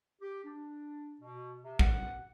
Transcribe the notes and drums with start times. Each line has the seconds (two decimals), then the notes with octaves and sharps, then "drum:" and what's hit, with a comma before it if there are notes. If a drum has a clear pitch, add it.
0.21 G4
0.44 D4
1.21 B2
1.63 C3
1.79 F#5, drum: kick